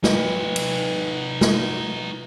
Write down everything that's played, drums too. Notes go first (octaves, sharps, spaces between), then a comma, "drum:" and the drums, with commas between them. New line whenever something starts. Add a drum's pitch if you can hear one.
D#4 B4, drum: snare
drum: cymbal
drum: snare